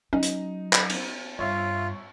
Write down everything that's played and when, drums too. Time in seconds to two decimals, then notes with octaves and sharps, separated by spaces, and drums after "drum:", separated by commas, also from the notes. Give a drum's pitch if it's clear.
0.13 F#3 C#4 D#4
0.23 drum: hi-hat
0.73 drum: clap
0.90 drum: cymbal
1.39 G2 F4 C#5 E5